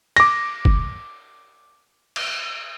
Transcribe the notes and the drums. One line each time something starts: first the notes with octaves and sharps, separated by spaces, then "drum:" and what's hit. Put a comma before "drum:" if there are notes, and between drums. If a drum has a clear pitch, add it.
D6 A#6, drum: cymbal
drum: kick
drum: cymbal